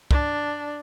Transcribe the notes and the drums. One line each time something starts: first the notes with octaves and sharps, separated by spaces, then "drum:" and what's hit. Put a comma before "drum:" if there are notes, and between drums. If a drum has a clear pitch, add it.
D4, drum: kick